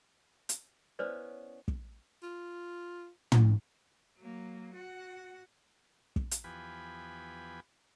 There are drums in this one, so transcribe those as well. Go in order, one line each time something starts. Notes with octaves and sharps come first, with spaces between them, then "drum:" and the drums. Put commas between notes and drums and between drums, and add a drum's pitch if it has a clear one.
drum: hi-hat
B3 C#4 E4 B4 C5 D5
drum: kick
F4
drum: tom
F#3 A#3
F#4 F#5
drum: kick
drum: hi-hat
E2 F3 B3 G4 G#5 B5